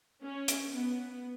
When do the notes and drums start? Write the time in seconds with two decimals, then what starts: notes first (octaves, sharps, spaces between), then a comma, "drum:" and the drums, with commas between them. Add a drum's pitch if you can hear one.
0.23 C#4
0.48 drum: hi-hat
0.69 B3